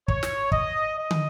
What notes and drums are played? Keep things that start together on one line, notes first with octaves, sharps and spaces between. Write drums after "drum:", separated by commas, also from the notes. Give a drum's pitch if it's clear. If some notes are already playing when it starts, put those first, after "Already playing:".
C#5, drum: kick
drum: snare
D#5, drum: kick
D#5
drum: tom